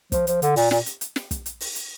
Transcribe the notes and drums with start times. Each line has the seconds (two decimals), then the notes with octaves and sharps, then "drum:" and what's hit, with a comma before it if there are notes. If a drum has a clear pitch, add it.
0.12 F3, drum: kick, hi-hat
0.27 F3, drum: hi-hat
0.42 D3, drum: hi-hat
0.56 A#2, drum: open hi-hat
0.71 A#2, drum: snare
0.86 drum: hi-hat
1.01 drum: hi-hat
1.16 drum: snare
1.31 drum: kick, hi-hat
1.46 drum: hi-hat
1.60 drum: open hi-hat
1.75 drum: hi-hat